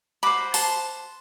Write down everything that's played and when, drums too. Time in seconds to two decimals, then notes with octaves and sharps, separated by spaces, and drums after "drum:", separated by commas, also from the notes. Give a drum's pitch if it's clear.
0.23 F#4 C5 B5 D6
0.54 A5 C6, drum: open hi-hat